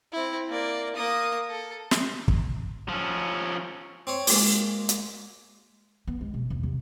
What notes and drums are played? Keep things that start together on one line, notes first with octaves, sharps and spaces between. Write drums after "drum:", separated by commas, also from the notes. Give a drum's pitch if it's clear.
C4 E4
A#3 D5
A#3 D#6
A4
drum: snare
drum: kick
F3 C#4
C4 C5 C#5
G#3 A#3, drum: open hi-hat
drum: hi-hat
B3
G#3
B2
E2
C3